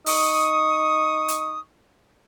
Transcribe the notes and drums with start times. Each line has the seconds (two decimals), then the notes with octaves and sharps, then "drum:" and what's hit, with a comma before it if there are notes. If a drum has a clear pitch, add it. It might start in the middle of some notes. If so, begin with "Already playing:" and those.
0.06 D#4 C#6 D#6, drum: open hi-hat
1.28 drum: hi-hat